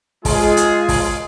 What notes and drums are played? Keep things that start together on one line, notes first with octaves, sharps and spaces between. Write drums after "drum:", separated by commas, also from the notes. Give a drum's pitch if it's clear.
G#3 F4 G#4, drum: kick, open hi-hat
drum: hi-hat
drum: kick, open hi-hat